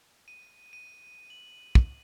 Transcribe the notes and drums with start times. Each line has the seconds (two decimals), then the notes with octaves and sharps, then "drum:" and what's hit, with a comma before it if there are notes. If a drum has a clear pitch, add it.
0.28 D#7
0.73 D#7
1.30 F#7
1.75 drum: kick